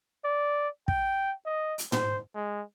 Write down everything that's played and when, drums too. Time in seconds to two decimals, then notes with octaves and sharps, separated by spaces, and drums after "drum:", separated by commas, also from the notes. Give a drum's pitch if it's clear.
0.24 D5
0.88 G5, drum: kick
1.46 D#5
1.78 drum: hi-hat
1.92 C5, drum: tom
2.35 G#3